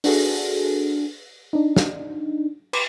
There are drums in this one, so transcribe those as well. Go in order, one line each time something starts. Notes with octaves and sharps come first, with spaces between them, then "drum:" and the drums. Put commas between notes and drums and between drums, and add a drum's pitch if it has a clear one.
D4 F#4 G#4 A4, drum: open hi-hat
D4 D#4
drum: snare
B4 B5 C6 D6, drum: cymbal